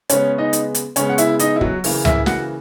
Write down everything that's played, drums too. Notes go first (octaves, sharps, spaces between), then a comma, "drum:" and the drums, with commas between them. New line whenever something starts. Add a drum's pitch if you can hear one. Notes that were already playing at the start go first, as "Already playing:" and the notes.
C#3 G#3 B3 C#4 C#5, drum: hi-hat
D#4 D#5
drum: hi-hat
drum: hi-hat
C#3 G#3 B3 C#4 C#5, drum: hi-hat
F#5
E4 E5, drum: hi-hat
D#4 D#5, drum: hi-hat
E4
F#3 F#4, drum: kick
C#3 E3 A#3, drum: open hi-hat
E4 E5, drum: tom C#2
F#4 F#5, drum: snare